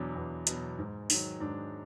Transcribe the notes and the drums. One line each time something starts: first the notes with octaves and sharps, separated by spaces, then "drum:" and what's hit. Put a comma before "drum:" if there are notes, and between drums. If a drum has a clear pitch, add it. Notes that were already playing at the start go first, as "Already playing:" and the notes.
Already playing: E2 B2 F#3 D4
E2
B2 F#3, drum: hi-hat
G#2
D#3 F#3, drum: open hi-hat
G#2 D4